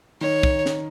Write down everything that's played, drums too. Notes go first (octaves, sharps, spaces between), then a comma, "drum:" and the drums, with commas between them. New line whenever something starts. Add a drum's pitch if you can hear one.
D#3 C#5
drum: kick
drum: snare